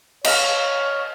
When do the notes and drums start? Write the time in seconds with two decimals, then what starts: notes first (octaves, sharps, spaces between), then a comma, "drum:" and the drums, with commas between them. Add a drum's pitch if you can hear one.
0.24 C#5 D#5 F5, drum: cymbal